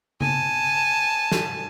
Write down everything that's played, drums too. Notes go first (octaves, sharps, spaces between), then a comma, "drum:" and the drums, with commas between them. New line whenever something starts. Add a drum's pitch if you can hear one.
G#5 A5, drum: tom C#3
drum: snare